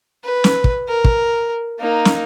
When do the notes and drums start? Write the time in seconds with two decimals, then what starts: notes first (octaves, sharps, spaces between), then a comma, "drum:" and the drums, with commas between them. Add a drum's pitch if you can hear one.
0.24 B4
0.44 drum: snare
0.64 drum: kick
0.88 A#4
1.04 drum: kick
1.79 A#3 D#4
2.05 drum: snare